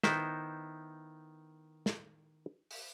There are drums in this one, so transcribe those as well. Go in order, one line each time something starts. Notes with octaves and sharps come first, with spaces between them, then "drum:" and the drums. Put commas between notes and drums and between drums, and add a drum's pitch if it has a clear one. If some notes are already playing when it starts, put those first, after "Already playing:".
D#3 B3 D#4 E4 C5, drum: snare
drum: snare
drum: open hi-hat